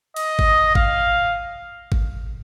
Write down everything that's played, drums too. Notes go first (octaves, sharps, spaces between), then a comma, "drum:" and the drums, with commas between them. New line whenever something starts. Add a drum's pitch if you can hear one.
D#5, drum: cymbal
drum: kick G#1
F5, drum: kick G#1
drum: kick G#1